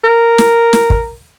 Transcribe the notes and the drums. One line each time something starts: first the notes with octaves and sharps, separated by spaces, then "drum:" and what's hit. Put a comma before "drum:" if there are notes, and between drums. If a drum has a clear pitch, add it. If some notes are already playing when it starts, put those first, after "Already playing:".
A#4
drum: snare
drum: snare
drum: kick